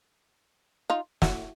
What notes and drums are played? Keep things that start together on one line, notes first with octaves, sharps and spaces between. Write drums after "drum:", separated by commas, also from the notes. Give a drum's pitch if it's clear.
D#4 F4
E4 F#4, drum: snare